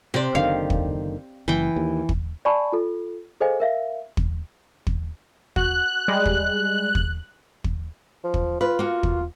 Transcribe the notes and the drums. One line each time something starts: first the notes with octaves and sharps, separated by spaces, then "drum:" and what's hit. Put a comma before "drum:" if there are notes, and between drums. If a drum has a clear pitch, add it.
C3 C4 G4 D5
F#1 D3 D#3 F5
drum: kick
F#1 E3 G5
D#2
drum: kick
D5 G#5 A5 B5 C#6
F4 A4
G#4 A4 C5 D#5 F5 G#5
A#4 E5 F5
drum: kick
drum: kick
F#4 F#6, drum: kick
G3 G#3
drum: kick
drum: kick
drum: kick
F3
drum: kick
F4 B4
A#3 F#4
drum: kick